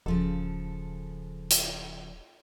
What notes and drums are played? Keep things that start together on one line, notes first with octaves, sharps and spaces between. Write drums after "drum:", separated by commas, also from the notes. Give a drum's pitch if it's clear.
D#1 C#3 F3 A4
drum: hi-hat